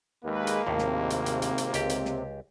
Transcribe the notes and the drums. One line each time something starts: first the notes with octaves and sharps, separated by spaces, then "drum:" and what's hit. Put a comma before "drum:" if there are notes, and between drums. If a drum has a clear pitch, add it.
D#2 G#3 A#3 B4
drum: hi-hat
G#1 D#2 A2 C3
drum: snare
drum: hi-hat
drum: hi-hat
drum: hi-hat
drum: hi-hat
C#2 G4, drum: hi-hat
drum: hi-hat
drum: snare